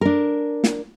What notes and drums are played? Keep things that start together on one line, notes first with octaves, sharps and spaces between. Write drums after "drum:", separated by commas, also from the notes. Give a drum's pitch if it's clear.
D4 A#4
drum: snare